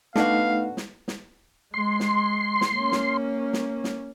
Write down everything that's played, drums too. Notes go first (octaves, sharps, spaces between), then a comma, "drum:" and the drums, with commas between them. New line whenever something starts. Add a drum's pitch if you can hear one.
D3 A3 B3 D#4 F#4 F5, drum: snare
drum: snare
drum: snare
G#3 C6
drum: snare
drum: snare
A#3 C#4
drum: snare
drum: snare
drum: snare